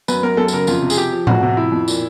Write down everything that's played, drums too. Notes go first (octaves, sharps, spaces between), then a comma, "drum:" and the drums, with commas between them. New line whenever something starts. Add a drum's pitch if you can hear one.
F#2 B4, drum: tambourine
F#2 A#4
F#2 A4
A4, drum: tambourine
C#3 A#4
F2 F4, drum: tambourine
C3
G#4, drum: tambourine
F3 G4
F3
F2 F#4, drum: tom A2
C3
F3 E4
F2
A#2, drum: tambourine